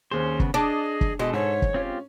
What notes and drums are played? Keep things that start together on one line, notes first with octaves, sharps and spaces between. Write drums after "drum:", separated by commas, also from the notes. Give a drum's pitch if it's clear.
D#2 C4 C#4 G#4 C5
C#3 B3, drum: kick
D4 G#4 D#5 A5
drum: kick
B2 G#3 A4 D#5
G#2 C#5
drum: kick
C4 C#4 F4 G4